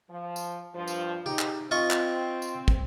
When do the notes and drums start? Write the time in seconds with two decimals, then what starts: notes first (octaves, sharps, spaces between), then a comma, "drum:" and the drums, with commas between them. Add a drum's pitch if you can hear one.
0.10 F3
0.36 drum: tambourine
0.75 G2 F3
0.87 drum: tambourine
1.26 D#4 G4
1.39 drum: clap
1.71 C4 F4 D#5 C#6
1.90 drum: clap
2.42 drum: tambourine
2.68 drum: kick